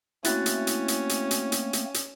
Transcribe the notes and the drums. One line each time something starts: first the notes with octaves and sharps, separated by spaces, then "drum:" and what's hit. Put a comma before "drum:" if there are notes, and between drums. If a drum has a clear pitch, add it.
A3 A#3 C4 C#4 E4 F#4 F#6 A6, drum: hi-hat
drum: hi-hat
drum: hi-hat
drum: hi-hat
drum: hi-hat
drum: hi-hat
drum: hi-hat
drum: hi-hat
drum: hi-hat